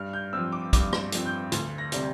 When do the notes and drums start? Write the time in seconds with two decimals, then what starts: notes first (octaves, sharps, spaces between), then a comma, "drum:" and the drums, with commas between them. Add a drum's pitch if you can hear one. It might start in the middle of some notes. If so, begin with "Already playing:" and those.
Already playing: G2 F6
0.13 G6
0.33 F3 C4 E6
0.52 D6
0.73 G2 D6, drum: kick, hi-hat
0.93 drum: rim click
1.12 F3 C4, drum: hi-hat
1.26 G6
1.52 D2, drum: hi-hat
1.78 A#6
1.92 C3 G3 C4, drum: hi-hat